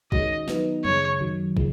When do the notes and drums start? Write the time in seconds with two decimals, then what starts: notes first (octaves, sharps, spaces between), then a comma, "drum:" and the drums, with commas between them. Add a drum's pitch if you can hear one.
0.12 D#3 G#3 C#4 F#4 D#5, drum: kick
0.48 D#3 F#3 B3 D#4, drum: snare
0.85 F#2 C#3 G#3 C#5, drum: tom F#3
1.20 F#2 D#3 F#3
1.57 C#3 F3 G#3, drum: kick